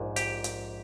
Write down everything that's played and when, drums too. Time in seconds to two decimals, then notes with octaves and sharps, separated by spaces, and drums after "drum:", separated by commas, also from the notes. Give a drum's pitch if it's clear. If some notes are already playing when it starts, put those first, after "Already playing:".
Already playing: A#1 G#2
0.16 G4, drum: hi-hat
0.44 drum: hi-hat